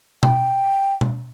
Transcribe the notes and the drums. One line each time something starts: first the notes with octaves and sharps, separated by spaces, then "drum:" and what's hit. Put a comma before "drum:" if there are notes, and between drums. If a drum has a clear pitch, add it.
G5, drum: tom B2
drum: tom B2